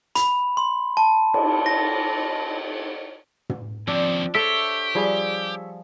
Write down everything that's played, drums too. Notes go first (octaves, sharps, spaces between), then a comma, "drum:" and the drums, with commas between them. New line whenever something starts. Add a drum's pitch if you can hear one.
B5, drum: hi-hat
C6
A5
drum: cymbal
A#6
drum: tom
D#2 C#3 F3 C4 D4
G4 A4 C5 C#5 E5
F3 G3 G#4